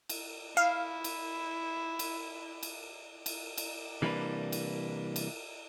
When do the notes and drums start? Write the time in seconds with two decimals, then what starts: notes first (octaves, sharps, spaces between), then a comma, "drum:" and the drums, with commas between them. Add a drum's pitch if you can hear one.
0.09 drum: cymbal
0.57 E4 F5
1.04 drum: cymbal
1.99 drum: cymbal
2.63 drum: cymbal
3.26 drum: cymbal
3.58 drum: cymbal
4.02 C3 E3 G3 A#3 D4 B4
4.52 drum: cymbal
5.16 drum: cymbal